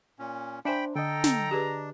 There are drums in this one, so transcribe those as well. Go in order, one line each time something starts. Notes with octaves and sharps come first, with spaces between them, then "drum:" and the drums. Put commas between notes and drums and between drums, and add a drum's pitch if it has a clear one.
A#2 C#4
D4 C5 E5 G5 G#5 B5
D3 A4 D#5 G5 A#5
drum: snare
D4 G4 G#4 B4